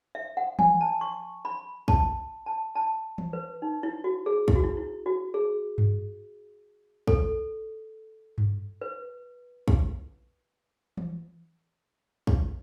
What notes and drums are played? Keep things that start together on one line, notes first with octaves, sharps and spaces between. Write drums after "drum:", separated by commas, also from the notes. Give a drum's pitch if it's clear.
E5
F#5
G#5, drum: tom E3
A5
C#6
B5
A5, drum: kick
A5
A5
drum: tom E3
B4
D#4
E4
F#4
G#4
E4, drum: kick
F#4
E4
E4
F#4
G#4
drum: tom G2
A4, drum: kick
drum: tom G2
B4
drum: kick
drum: tom E3
drum: kick